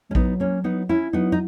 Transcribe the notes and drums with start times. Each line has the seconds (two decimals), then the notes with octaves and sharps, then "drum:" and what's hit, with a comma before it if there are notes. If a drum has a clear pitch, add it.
0.09 G#3 C#4
0.15 F#3 B3 D#4, drum: kick A#1
0.40 A#3 C#4
0.64 B3 D#4
0.89 C#4 E4
1.13 F#3 B3 D#4
1.32 D#4